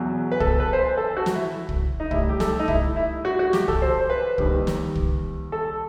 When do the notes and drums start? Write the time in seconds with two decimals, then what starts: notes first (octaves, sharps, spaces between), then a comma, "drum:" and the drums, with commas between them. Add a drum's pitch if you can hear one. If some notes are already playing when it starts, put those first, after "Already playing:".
Already playing: E2 B2 F#3
0.32 B4
0.40 A4, drum: kick
0.60 B4
0.73 C5
0.79 B4
0.97 A4
1.17 F#4
1.26 drum: snare
1.35 E4
1.69 drum: kick
2.00 D#4
2.11 A2 G3 E4, drum: kick
2.29 G4
2.40 A4, drum: snare
2.59 D#4
2.68 E4, drum: kick
2.96 E4
3.25 F#4
3.39 F#4
3.53 G4, drum: snare
3.68 A4, drum: kick
3.82 C5
4.00 C5
4.10 B4
4.38 D#2 D#3 G3, drum: kick
4.67 drum: snare
4.95 drum: kick
5.52 A4